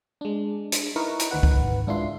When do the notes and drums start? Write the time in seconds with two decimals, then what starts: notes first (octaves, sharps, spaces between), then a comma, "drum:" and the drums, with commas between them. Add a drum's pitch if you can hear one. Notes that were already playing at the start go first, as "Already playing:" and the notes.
0.21 G#3 D4
0.72 drum: hi-hat
0.96 D#4 E4 A#4 B4 C#6
1.19 drum: hi-hat
1.31 D2 D#3 B4 F#5
1.43 drum: kick
1.87 G#2 D4 E4 F4 C6